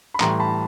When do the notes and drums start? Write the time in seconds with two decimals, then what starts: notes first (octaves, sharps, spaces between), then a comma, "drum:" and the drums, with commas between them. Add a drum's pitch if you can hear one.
0.14 B5
0.20 A2 E3 G3 A#5 C6, drum: clap
0.40 A5 B5